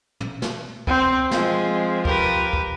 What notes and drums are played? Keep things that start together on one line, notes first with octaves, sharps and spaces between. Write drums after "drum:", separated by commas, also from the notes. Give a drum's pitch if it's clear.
drum: tom
drum: snare
C4, drum: kick
F3 G#3 C4, drum: snare
G4 A#4 B4, drum: kick
drum: kick